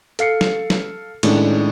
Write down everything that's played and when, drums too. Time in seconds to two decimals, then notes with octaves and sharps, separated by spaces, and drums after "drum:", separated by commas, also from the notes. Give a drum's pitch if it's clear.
0.19 A4 F5 C7 C#7, drum: hi-hat
0.41 drum: snare
0.70 drum: snare
1.23 A2 D#3 G#3 C#4 D4, drum: cymbal